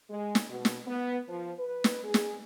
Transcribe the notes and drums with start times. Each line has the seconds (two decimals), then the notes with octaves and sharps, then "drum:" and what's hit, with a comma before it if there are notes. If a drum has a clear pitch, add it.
0.10 G#3
0.35 drum: snare
0.50 B2
0.65 drum: snare
0.86 B3
1.28 F3
1.58 B4
1.84 drum: snare
2.04 G#4
2.14 drum: snare